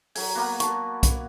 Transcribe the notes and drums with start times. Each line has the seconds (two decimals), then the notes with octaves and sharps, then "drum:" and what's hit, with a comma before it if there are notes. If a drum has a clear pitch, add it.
0.15 F#3 G#5, drum: open hi-hat
0.35 A#3 B3 F#4
0.60 A5 C#6, drum: hi-hat
1.03 drum: kick B1, hi-hat